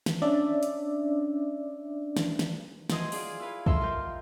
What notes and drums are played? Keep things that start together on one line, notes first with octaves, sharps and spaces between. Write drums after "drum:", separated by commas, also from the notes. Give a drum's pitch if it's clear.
drum: snare
C#4 D4 D5 E5
drum: hi-hat
drum: snare
drum: snare
D#4 E4 F#4 C5 D#5 G#5, drum: snare
F4 G#4 D5, drum: open hi-hat
E4 F4 B4 F5
A4 A#4 D#5 E5 C6 F6, drum: kick
F4 A#4 G5